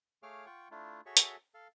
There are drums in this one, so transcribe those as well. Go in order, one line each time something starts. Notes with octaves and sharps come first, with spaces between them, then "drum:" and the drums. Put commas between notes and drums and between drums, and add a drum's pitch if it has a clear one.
A3 G#4 C#5 F5 D6 F6
F4 F#5 G5 C#6
A3 D4 E4 F4
F#4 G#4 A4 C#5 E5 C#6
drum: hi-hat
A4 F5